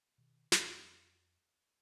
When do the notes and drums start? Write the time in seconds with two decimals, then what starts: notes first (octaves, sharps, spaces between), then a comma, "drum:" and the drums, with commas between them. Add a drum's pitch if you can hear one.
0.18 B2 D#3
0.52 F2, drum: snare